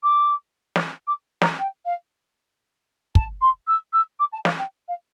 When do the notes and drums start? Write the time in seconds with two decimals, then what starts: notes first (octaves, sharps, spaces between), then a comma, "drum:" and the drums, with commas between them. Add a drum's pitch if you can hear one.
0.03 D6
0.76 drum: snare
1.07 D6
1.42 A#5, drum: snare
1.59 G5
1.85 F5
3.15 A5, drum: kick
3.41 C6
3.67 E6
3.93 E6
4.19 D6
4.32 A5
4.45 F5, drum: snare
4.58 G5
4.88 F5